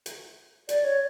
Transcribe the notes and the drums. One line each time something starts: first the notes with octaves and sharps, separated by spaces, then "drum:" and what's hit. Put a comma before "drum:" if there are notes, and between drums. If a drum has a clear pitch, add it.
drum: hi-hat
D5, drum: hi-hat
C#5